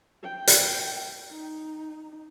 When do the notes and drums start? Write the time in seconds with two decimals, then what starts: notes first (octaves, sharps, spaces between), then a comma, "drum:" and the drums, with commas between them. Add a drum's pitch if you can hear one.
0.23 G5
0.47 drum: hi-hat
1.31 D#4